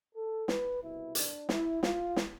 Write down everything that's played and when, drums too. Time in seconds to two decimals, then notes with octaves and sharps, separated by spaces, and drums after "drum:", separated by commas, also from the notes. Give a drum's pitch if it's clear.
0.15 A4
0.48 B4, drum: snare
0.82 C2 B2 B3 E4
1.15 D4, drum: hi-hat
1.49 E4, drum: snare
1.83 F4, drum: snare
2.16 drum: snare